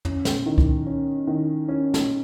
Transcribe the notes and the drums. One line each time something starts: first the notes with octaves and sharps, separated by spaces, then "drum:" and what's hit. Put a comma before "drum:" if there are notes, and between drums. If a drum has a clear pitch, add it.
C#4, drum: tom
drum: snare
D#3
drum: kick C#2
C#4
D#3
C#4
drum: snare